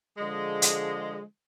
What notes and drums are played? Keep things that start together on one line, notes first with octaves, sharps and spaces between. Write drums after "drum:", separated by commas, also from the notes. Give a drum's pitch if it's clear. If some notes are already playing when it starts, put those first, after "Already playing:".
D3 F3 G#3
drum: hi-hat